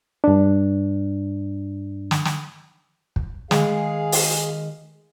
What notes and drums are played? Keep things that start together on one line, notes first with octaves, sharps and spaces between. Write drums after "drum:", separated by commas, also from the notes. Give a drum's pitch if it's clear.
G2 D4
drum: snare
drum: snare
drum: kick
D#3 G#3 G#4 F5, drum: snare
drum: open hi-hat